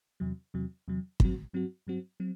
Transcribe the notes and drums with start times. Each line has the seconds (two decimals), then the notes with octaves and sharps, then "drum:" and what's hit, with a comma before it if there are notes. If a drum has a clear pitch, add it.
0.20 E2 C3 F#3
0.54 E2 C3 F#3
0.88 E2 C3 F#3
1.20 G2 F#3 C4 F#4, drum: kick
1.53 G2 F#3 C4 F#4
1.87 G2 F#3 C4 F#4
2.20 F#3 C4